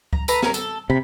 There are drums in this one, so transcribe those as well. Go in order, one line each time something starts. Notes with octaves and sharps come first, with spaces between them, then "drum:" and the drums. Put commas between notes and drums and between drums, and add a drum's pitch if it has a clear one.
A#5, drum: kick C#2
A4 B4 A#5, drum: tambourine
C#4 A#4, drum: snare B3
A4, drum: tambourine
C3 B5